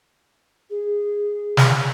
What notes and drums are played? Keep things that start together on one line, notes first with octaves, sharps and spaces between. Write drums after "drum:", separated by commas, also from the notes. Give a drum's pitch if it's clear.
G#4
drum: snare